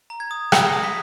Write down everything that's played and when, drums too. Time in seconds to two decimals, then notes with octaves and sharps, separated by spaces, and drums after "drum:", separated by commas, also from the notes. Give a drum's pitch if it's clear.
0.10 A#5
0.20 G#6
0.31 D#6
0.52 A#5 A#6, drum: rim click
0.73 D#6
0.83 B6